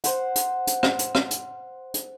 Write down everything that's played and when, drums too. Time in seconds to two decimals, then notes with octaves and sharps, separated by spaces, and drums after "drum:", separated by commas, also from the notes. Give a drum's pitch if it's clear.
0.04 C5 F#5, drum: hi-hat
0.35 drum: hi-hat
0.67 drum: hi-hat
0.83 drum: rim click
0.99 drum: hi-hat
1.15 drum: rim click
1.31 drum: hi-hat
1.94 drum: hi-hat